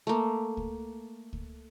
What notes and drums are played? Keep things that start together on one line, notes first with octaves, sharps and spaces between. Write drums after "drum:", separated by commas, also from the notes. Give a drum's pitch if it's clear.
A3 A#3
drum: kick C#2
drum: kick C#2